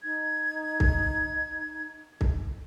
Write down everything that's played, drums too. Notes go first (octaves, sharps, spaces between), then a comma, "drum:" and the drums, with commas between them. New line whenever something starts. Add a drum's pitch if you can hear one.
D#4 G#6
drum: kick C2
drum: kick C2